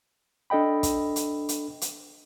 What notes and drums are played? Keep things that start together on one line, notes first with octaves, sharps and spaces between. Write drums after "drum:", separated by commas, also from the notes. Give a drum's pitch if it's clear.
D4 A4 D#5 G5 B5
drum: kick, hi-hat
drum: hi-hat
drum: hi-hat
drum: hi-hat